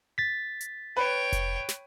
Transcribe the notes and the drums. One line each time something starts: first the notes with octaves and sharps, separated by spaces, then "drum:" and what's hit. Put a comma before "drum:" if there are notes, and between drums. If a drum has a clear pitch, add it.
A6 B6
drum: hi-hat
B4 C#5 G5
drum: kick F1, hi-hat
drum: snare